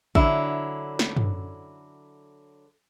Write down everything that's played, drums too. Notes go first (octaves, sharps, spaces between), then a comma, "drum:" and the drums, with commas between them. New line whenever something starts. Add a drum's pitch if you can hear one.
D3 F#3 E4, drum: kick A1
drum: snare
drum: tom